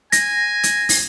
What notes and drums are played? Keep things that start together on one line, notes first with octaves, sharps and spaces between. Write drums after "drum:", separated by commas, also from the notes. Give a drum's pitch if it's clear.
G#5 A#6, drum: hi-hat
drum: hi-hat
drum: open hi-hat